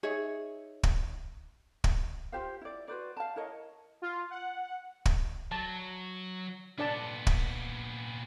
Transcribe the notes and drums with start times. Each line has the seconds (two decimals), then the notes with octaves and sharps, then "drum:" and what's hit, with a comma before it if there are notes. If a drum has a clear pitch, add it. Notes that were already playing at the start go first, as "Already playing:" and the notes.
0.03 D#4 G#4 C#5 E5
0.83 drum: kick
1.84 drum: kick
2.32 F4 G4 C5 F5
2.61 E4 D5
2.88 F#4 B4 C5 D5
3.17 F5 A5
3.36 E4 A#4 C#5 D#5
4.02 F4
4.30 F#5
5.06 drum: kick
5.52 F#3 A5
6.78 A#2 B3 D4 D5 A5
7.27 drum: kick